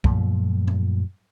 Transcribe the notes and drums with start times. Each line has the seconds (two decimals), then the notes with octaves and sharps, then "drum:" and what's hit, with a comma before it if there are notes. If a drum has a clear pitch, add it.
0.04 F#2 A#2 F3 A3, drum: kick B1
0.68 drum: tom G#2